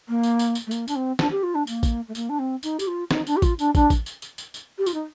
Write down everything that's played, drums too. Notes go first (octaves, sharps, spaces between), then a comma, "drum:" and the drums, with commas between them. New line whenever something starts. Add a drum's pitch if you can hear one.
A#3
drum: tambourine
drum: tambourine
drum: tambourine
A3
A#3, drum: tambourine
D4, drum: tambourine
C4
D4, drum: snare
G4
F4
D4
A#3, drum: tambourine
drum: kick, tambourine
A3
A#3, drum: tambourine
D4
C4
D#4, drum: tambourine
G4, drum: tambourine
F4
D#4, drum: snare
D4, drum: tambourine
G4
F4, drum: kick, tambourine
D4, drum: tambourine
D4, drum: kick, tambourine
drum: kick, tambourine
drum: tambourine
drum: tambourine
drum: tambourine
drum: tambourine
G4
F4, drum: tambourine
D#4